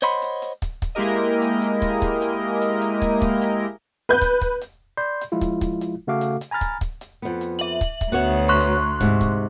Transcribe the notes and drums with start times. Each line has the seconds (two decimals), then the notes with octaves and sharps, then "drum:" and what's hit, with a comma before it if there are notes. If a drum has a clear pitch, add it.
0.02 C5 C#5 D#5 F#5 B5 C6
0.22 drum: hi-hat
0.42 drum: hi-hat
0.62 drum: kick, hi-hat
0.82 drum: kick, hi-hat
0.95 G#3 A#3 E4 G4 A#4 D#5
1.42 drum: hi-hat
1.62 drum: hi-hat
1.82 drum: kick, hi-hat
2.02 drum: kick, hi-hat
2.22 drum: hi-hat
2.62 drum: hi-hat
2.82 drum: hi-hat
3.02 drum: kick, hi-hat
3.22 drum: kick, hi-hat
3.42 drum: hi-hat
4.09 B4 G6
4.22 drum: kick, hi-hat
4.41 drum: kick, hi-hat
4.61 drum: hi-hat
4.97 D5 B5 C6 G6
5.21 drum: hi-hat
5.32 F3 G#3 E4 F4
5.41 drum: kick, hi-hat
5.61 drum: kick, hi-hat
5.81 drum: hi-hat
6.07 C#3 A3 F#4 A4 F5 D6
6.21 drum: hi-hat
6.41 drum: hi-hat
6.51 G#5 A#5 B5 F6 A6
6.61 drum: kick, hi-hat
6.81 drum: kick, hi-hat
7.01 drum: hi-hat
7.22 F2 B3
7.41 drum: hi-hat
7.59 E5 F#7, drum: hi-hat
7.81 drum: kick, hi-hat
8.01 drum: kick, hi-hat
8.12 D2 B3 F#4 C#5
8.49 C6 C#6 F#6
8.61 drum: hi-hat
9.01 G#2 C3, drum: kick, hi-hat
9.21 drum: kick, hi-hat